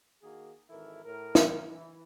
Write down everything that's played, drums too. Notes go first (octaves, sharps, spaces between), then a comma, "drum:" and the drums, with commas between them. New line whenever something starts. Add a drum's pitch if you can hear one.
D#3 A#3 F#4 G#4
G#1 D#3 E3 E4 A4 A#4
A2 A#4
drum: snare
E3